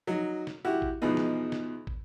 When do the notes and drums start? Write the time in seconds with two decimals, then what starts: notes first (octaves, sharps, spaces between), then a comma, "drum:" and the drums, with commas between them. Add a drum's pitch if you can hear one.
0.07 F#3 D#4
0.47 drum: snare
0.65 E4 F#4 G4
0.82 drum: kick
1.02 E2 B2 F3 G#3 D#4
1.17 drum: snare
1.52 drum: snare
1.87 drum: kick